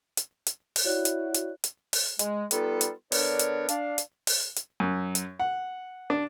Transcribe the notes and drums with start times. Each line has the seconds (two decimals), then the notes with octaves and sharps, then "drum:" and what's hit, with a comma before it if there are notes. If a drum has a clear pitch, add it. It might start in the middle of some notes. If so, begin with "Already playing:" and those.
0.17 drum: hi-hat
0.47 drum: hi-hat
0.76 drum: open hi-hat
0.86 E4 F#4 C#5 D5 F#6
1.05 drum: hi-hat
1.34 drum: hi-hat
1.64 drum: hi-hat
1.93 drum: open hi-hat
2.19 G#3, drum: hi-hat
2.51 G3 B3 D#4 F4 A4, drum: hi-hat
2.81 drum: hi-hat
3.12 D3 B3 D4 A#4 C#5 D5, drum: open hi-hat
3.39 drum: hi-hat
3.69 D4 F5, drum: hi-hat
3.98 drum: hi-hat
4.27 drum: open hi-hat
4.56 drum: hi-hat
4.80 F#2
5.15 drum: hi-hat
5.40 F#5
6.10 D4